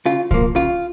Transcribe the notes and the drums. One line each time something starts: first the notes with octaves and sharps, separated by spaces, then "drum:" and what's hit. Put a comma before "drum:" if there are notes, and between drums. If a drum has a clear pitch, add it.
C#3 F4
F3 A#3, drum: kick B1
C#3 F4